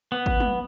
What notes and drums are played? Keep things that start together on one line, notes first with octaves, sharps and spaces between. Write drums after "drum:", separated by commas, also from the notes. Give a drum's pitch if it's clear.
B3
drum: kick G#1
drum: tom